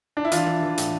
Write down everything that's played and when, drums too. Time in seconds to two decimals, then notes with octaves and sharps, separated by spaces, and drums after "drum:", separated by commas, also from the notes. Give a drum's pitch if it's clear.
0.17 D4
0.25 E4
0.32 E3 D4 F4, drum: hi-hat
0.47 E3
0.63 E3
0.78 A2, drum: hi-hat